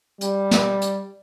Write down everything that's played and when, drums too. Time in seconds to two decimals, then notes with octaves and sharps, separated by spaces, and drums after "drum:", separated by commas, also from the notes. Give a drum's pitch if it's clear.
0.21 G3, drum: hi-hat
0.51 drum: snare
0.82 drum: hi-hat